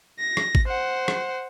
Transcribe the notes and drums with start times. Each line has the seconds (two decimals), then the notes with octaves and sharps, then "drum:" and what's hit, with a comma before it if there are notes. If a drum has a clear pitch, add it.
0.19 A#6
0.37 drum: rim click
0.55 drum: kick G#1
0.67 C5 F#5
1.08 drum: rim click